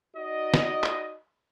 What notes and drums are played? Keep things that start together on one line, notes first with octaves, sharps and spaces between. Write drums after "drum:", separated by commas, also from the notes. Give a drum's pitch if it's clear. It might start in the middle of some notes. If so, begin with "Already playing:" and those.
D#4 F#4 D5 D#5
drum: snare
drum: clap